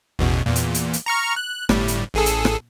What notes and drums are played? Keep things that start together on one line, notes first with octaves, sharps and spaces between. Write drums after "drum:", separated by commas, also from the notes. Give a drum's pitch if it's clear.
A1 E2 B2
E2 A#2
drum: hi-hat
drum: hi-hat
drum: hi-hat
A#5 C#6 F6
F#6
G1 A2 G3, drum: rim click
drum: hi-hat
A1 G#4 A4
drum: hi-hat
drum: rim click